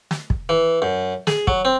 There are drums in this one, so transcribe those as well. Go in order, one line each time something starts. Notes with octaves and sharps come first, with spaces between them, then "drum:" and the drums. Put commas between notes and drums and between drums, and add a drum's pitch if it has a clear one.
drum: snare
drum: kick
E3
F#2
G#4, drum: snare
F#3, drum: kick
C4